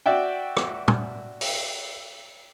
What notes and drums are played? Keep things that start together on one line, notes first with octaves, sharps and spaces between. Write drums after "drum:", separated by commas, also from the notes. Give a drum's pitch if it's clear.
F#4 D5 E5 G5
drum: rim click
drum: tom
drum: open hi-hat